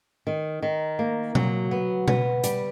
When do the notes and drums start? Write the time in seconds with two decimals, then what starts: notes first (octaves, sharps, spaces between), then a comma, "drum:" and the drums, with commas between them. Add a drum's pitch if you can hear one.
0.27 D#3
0.62 D#3
0.99 A#3
1.35 F#3, drum: tom B2
1.71 B3
2.08 B3, drum: tom B2
2.44 G3, drum: hi-hat